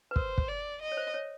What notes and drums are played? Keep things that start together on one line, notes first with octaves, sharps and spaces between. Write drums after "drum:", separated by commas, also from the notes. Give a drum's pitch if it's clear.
B4
A#4 C5, drum: kick
drum: kick
D5
D#5
C#5
C5
C#5